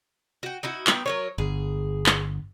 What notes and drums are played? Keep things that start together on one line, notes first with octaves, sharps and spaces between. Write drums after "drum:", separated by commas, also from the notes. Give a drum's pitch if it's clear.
F#4 G5
D#4 E4 F#4
B3 G5, drum: clap
F#3 A#4 C#5
G1 G#4
drum: clap